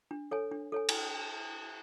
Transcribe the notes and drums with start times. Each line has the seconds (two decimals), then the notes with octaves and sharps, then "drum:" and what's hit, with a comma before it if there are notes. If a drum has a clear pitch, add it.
0.11 D4
0.31 A4 C#5 G#5
0.52 D4
0.72 A4 C#5 G#5
0.89 drum: cymbal